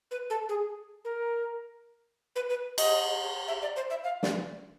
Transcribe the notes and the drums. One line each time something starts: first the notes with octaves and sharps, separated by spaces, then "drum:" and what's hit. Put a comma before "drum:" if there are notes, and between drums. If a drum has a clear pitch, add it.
B4
A4
G#4
A#4
B4
B4
D#5, drum: cymbal
E5
D5
C5
E5
F5
D5, drum: snare